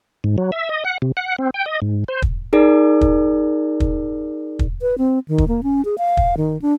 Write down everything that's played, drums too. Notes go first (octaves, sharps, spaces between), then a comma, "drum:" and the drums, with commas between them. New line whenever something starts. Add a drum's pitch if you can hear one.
G#2
F#3
E5
D#5
F#5
C3
F#5
C4
G5
D#5
G#2
C5
drum: kick
D#4 G#4 A#4 D5
drum: kick
drum: kick
drum: kick
B4
C4
D#3
drum: kick
A#3
C#4
G#4
F5
drum: kick
D#3
D4